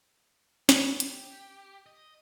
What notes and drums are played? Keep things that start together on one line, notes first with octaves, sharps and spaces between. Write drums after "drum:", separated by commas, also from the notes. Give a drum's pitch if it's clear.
B3, drum: snare
G4, drum: hi-hat
D#5